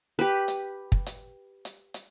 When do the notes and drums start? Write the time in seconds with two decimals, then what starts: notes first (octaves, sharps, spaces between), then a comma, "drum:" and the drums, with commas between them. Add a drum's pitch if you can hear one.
0.19 G4 B4
0.48 drum: hi-hat
0.92 drum: kick
1.06 drum: hi-hat
1.65 drum: hi-hat
1.94 drum: hi-hat